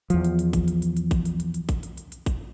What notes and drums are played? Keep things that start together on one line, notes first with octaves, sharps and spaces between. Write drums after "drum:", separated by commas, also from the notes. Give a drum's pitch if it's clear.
E2 F3, drum: hi-hat
drum: hi-hat
drum: hi-hat
drum: kick A1, hi-hat
drum: hi-hat
drum: hi-hat
drum: hi-hat
drum: kick A1, hi-hat
drum: hi-hat
drum: hi-hat
drum: hi-hat
drum: kick A1, hi-hat
drum: hi-hat
drum: hi-hat
drum: hi-hat
drum: kick A1, hi-hat